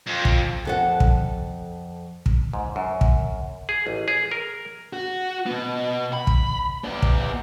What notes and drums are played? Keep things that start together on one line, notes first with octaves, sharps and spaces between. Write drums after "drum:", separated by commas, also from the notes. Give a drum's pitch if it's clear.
F2
drum: kick
F2 A4 F#5
drum: kick
drum: kick
G#2
F#2
drum: kick
G#4
A1
G#4
A#4
F#4
B2 B3
B5
drum: kick
B3 D5
drum: kick